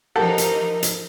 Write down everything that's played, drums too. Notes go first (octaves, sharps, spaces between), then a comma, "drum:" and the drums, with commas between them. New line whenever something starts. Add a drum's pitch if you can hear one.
E3 F3 D#4 G4 A4 A#4 F#5
drum: hi-hat
drum: hi-hat